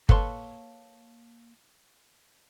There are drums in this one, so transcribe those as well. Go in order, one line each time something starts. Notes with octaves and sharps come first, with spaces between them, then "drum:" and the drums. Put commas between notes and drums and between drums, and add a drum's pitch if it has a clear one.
A#3 A4 B4 C#5 A5 C6, drum: kick G1